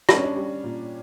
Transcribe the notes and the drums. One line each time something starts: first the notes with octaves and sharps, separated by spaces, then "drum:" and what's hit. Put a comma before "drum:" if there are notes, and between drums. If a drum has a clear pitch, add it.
G3 D4, drum: rim click
C#4
D4
G3
A#2